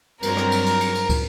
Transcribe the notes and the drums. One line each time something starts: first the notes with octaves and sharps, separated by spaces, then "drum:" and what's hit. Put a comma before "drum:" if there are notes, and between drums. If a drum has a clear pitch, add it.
G2 F#3 C4 A#4, drum: cymbal
drum: rim click
drum: cymbal
drum: cymbal
drum: cymbal
drum: cymbal
drum: kick, cymbal